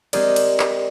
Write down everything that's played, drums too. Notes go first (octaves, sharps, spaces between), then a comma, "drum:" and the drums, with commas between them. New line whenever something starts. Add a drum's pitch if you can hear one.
G#3 C4 G4 G#4 A#4 D5, drum: cymbal
drum: cymbal
drum: clap